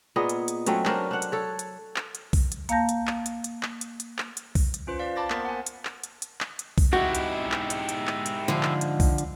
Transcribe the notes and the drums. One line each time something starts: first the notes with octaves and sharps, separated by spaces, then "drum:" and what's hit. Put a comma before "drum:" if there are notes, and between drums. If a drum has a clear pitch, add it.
A#2 B3 G#4 D#5
drum: hi-hat
drum: hi-hat
F#3 A3 C4 C#4, drum: hi-hat
C#4 D4 A#4 C5, drum: clap
D4 F#5
drum: hi-hat
A4 C#5
drum: hi-hat
drum: clap
drum: hi-hat
drum: kick B1, open hi-hat
drum: hi-hat
A#3 F5 A5 G6 A#6, drum: hi-hat
drum: hi-hat
drum: clap
drum: hi-hat
drum: hi-hat
drum: clap
drum: hi-hat
drum: hi-hat
drum: clap
drum: hi-hat
drum: kick B1, open hi-hat
drum: hi-hat
C#4 F4 B4 C5
D5 F5 B6
A5 B5 D6 A6 A#6
A#3 B3 A#4 C5 A6 B6, drum: clap
F#5 G#5
drum: hi-hat
drum: clap
drum: hi-hat
drum: hi-hat
drum: clap
drum: hi-hat
drum: kick B1, open hi-hat
G#2 G#3 E4 F#4 G4
drum: hi-hat
drum: clap
drum: hi-hat
drum: hi-hat
drum: clap
drum: hi-hat
D3 F3
drum: clap
drum: hi-hat
drum: kick B1, open hi-hat
drum: hi-hat